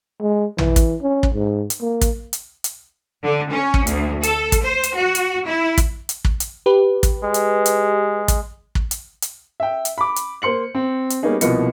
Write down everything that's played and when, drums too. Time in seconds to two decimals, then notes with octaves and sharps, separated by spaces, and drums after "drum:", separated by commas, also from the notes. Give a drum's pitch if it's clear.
0.21 G#3
0.58 E3, drum: tom
0.76 drum: kick, hi-hat
1.02 C#4
1.23 drum: kick
1.34 G#2
1.70 drum: hi-hat
1.81 A#3
2.01 drum: kick, hi-hat
2.33 drum: hi-hat
2.64 drum: hi-hat
3.23 D3
3.52 C#4
3.74 drum: kick
3.87 D2, drum: hi-hat
4.23 A4, drum: hi-hat
4.52 drum: kick, hi-hat
4.62 C5
4.83 drum: hi-hat
4.95 F#4
5.15 drum: hi-hat
5.46 E4
5.78 drum: kick, hi-hat
6.09 drum: hi-hat
6.25 drum: kick
6.40 drum: hi-hat
6.66 G4 B4
7.03 drum: kick, hi-hat
7.24 G#3
7.34 drum: hi-hat
7.66 drum: hi-hat
8.28 drum: kick, hi-hat
8.75 drum: kick
8.91 drum: hi-hat
9.22 drum: hi-hat
9.60 E5 G5
9.85 drum: hi-hat
9.98 B5 D6
10.16 drum: hi-hat
10.42 A#3 C5 C6 C#7 F#7
10.75 C4
11.10 drum: hi-hat
11.23 G3 A#3 B3 C#4 D#4 G#4
11.41 C2 B2 F3 A#3 D#5 C#7, drum: hi-hat